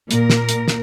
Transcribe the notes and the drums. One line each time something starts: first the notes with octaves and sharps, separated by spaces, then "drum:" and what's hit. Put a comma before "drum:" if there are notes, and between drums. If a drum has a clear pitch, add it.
A#2 A#4, drum: hi-hat
drum: snare
drum: hi-hat
drum: snare